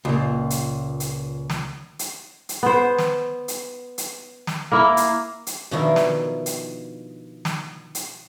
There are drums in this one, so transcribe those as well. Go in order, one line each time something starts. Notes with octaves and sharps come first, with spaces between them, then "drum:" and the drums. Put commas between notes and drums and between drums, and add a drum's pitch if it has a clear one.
C#2 A#2
drum: hi-hat
drum: hi-hat
drum: snare
drum: hi-hat
drum: hi-hat
B3 C5
drum: snare
drum: hi-hat
drum: hi-hat
drum: snare
A#3 E4
drum: hi-hat
drum: hi-hat
B2 D#3 F3 D4 E4 A#4
drum: snare
drum: hi-hat
drum: snare
drum: hi-hat